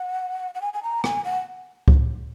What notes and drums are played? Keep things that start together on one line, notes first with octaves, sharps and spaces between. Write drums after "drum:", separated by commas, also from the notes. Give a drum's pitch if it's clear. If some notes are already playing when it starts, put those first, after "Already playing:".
Already playing: F#5
F#5
G#5
G#5
A#5
G#5, drum: rim click
F#5
drum: kick C#2